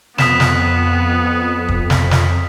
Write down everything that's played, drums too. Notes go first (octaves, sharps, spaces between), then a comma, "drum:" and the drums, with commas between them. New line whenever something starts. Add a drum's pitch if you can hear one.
F2 B3 D#6 B6 E7, drum: snare
drum: snare
drum: kick
drum: snare
drum: snare